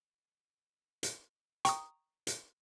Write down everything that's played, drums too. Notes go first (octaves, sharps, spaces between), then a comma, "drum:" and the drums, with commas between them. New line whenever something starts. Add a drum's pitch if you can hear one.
drum: hi-hat
G5 A#5 C#6 D#6, drum: hi-hat
drum: hi-hat